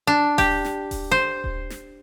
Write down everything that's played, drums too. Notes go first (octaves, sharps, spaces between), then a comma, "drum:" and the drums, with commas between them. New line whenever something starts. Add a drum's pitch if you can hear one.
D4
G4, drum: kick D#1, open hi-hat
drum: snare
drum: kick D#1, open hi-hat
C5
drum: kick D#1
drum: snare